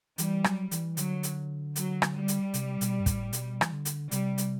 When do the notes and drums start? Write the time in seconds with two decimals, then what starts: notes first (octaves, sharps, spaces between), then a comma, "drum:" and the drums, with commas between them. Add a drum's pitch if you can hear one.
0.18 E3 G3, drum: hi-hat
0.44 F#3, drum: rim click
0.71 E3, drum: hi-hat
0.97 D3 F#3, drum: hi-hat
1.23 drum: hi-hat
1.76 F#3, drum: hi-hat
2.02 drum: rim click
2.15 G3
2.28 drum: hi-hat
2.54 C3, drum: hi-hat
2.81 B2, drum: hi-hat
3.00 G2
3.06 A2, drum: kick, hi-hat
3.33 B2, drum: hi-hat
3.61 E3, drum: rim click
3.73 D3
3.85 drum: hi-hat
4.11 C3 G3, drum: hi-hat
4.38 drum: hi-hat